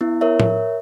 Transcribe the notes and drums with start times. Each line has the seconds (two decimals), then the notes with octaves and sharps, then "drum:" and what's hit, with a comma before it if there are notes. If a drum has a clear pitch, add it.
0.01 B3 E4
0.21 A#4 C#5 E5
0.40 drum: tom A2